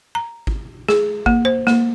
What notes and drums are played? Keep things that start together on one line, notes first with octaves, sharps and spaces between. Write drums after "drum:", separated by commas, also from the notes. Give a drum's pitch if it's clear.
A#5
drum: kick G#1
G#4, drum: snare
A#3, drum: kick G#1
C5
A#3, drum: snare